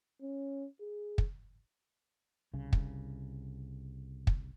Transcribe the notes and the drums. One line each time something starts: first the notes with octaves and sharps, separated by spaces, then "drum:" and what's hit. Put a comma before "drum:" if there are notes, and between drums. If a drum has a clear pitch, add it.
C#4
G#4
drum: kick
C2 C#3
drum: kick
drum: kick